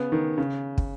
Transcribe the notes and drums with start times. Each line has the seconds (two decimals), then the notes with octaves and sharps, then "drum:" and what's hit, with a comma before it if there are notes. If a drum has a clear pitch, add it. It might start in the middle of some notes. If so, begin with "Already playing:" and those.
Already playing: C#3 B3
0.12 D#3
0.38 C#3
0.78 drum: kick